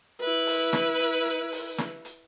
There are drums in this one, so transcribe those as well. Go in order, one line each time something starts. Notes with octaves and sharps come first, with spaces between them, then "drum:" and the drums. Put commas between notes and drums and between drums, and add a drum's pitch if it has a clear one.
E4 B4
drum: open hi-hat
drum: snare
drum: hi-hat
drum: hi-hat
drum: open hi-hat
drum: snare
drum: hi-hat